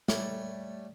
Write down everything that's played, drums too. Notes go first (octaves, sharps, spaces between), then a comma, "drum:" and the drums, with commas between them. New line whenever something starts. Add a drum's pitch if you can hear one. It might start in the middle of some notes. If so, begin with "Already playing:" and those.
G3 A3 C#5, drum: snare